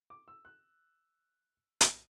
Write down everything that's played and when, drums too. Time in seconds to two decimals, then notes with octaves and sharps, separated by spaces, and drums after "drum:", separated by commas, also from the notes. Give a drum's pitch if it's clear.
0.10 D6
0.28 E6
0.45 F#6
1.81 drum: hi-hat